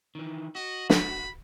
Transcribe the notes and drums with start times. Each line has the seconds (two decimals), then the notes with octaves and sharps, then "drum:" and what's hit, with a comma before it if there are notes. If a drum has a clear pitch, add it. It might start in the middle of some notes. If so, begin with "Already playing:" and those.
0.15 D#3 E3
0.55 F#4 D#5
0.90 B5, drum: snare